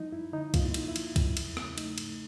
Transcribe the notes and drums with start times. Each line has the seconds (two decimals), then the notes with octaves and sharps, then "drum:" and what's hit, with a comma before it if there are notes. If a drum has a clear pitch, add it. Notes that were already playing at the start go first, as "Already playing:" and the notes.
Already playing: F3 G3 D#4
0.12 F#2 E4
0.33 D3 D#4
0.54 A#3 F4, drum: kick, cymbal
0.65 E4
0.74 A#2 D#4, drum: cymbal
0.88 E4
0.96 F3, drum: cymbal
1.16 F#3, drum: kick, cymbal
1.37 E2, drum: cymbal
1.57 C#3, drum: rim click
1.78 A3 D#4, drum: cymbal
1.98 G#2, drum: cymbal